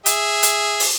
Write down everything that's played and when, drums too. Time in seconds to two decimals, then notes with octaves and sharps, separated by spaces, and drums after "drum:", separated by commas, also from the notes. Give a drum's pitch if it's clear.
0.06 G#4 E5, drum: hi-hat
0.43 drum: hi-hat
0.80 drum: open hi-hat